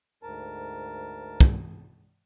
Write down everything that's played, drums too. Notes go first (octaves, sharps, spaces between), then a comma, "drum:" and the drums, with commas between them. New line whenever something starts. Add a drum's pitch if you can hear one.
D2 G#2 A#4 A5
drum: kick